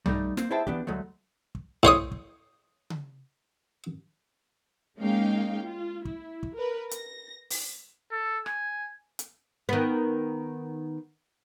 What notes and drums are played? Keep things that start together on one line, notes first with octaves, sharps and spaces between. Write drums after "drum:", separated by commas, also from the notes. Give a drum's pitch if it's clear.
G3 A3 D#4, drum: tom
A#3 C4 C5, drum: snare
E4 G#4 C5 E5 G5 A5
E3 B3 D4 G4, drum: kick
D2 F#3 G#3 A3
drum: kick
A2 C5 C#5 D#6, drum: tom
drum: kick
drum: tom C#3
G#3 A#3 C#4 D#4 F5 G5
F4
E4, drum: kick
drum: kick
A#4 B4
A#6, drum: hi-hat
drum: open hi-hat
A4
G#5, drum: rim click
drum: hi-hat
D#3 B3